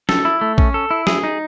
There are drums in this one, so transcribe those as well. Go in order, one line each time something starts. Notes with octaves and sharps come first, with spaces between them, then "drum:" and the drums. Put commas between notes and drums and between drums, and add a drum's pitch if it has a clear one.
A4, drum: snare
E4
A3
C#4, drum: kick A#1
A4
E4
G#4, drum: snare
D#4